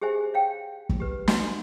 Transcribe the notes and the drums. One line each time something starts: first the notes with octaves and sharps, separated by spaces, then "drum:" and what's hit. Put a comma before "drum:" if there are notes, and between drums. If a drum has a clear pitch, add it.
G4 G#4 C5 E5 G#5
C#5 F5 G5
drum: kick
G4 B4
F#4 E5 F#5 G#5 C6, drum: snare